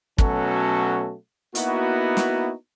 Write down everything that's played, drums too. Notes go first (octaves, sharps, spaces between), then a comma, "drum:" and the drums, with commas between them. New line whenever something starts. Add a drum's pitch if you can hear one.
B2 F#3 A3 C#4 F#4 A4, drum: kick
A#3 B3 D#4 E4 F#4, drum: hi-hat
drum: snare